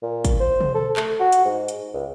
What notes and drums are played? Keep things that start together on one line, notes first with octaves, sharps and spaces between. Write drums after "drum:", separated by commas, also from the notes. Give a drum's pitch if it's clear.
A#2
drum: kick, hi-hat
C5
drum: tom
A4
A3, drum: clap
F#4
drum: hi-hat
G#2
drum: hi-hat
C#2